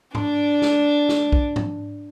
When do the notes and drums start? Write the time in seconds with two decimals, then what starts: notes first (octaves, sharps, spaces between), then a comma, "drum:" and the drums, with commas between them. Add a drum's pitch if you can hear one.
0.15 D4 D5, drum: tom G#2
0.62 drum: snare
1.09 drum: snare
1.32 drum: kick B1
1.56 drum: tom G#2